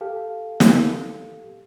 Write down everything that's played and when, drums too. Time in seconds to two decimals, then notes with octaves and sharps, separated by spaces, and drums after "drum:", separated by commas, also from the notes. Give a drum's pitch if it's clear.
0.01 G4 A4 F5
0.60 drum: snare